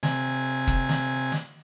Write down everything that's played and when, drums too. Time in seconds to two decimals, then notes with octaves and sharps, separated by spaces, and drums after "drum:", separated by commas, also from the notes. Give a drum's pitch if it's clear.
0.03 C3 G#5, drum: snare
0.67 drum: kick
0.89 drum: snare
1.32 drum: snare